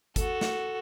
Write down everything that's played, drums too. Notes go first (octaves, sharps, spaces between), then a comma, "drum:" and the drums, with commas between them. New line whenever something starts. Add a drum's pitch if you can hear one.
F#4 A4, drum: kick G1, hi-hat
drum: snare